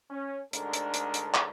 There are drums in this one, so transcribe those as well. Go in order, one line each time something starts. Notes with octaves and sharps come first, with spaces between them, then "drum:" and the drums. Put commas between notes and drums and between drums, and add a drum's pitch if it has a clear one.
C#4
D2 G#2 D3 D4 A4 A#4, drum: hi-hat
drum: hi-hat
drum: hi-hat
drum: hi-hat
drum: clap